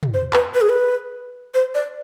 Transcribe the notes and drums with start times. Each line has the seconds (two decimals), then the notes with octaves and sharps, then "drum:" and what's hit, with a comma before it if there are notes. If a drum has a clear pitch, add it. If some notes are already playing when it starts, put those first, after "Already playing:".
0.03 drum: tom
0.14 C5
0.33 B4, drum: clap
0.54 B4
0.61 G#4
0.69 B4
1.54 C5
1.75 D5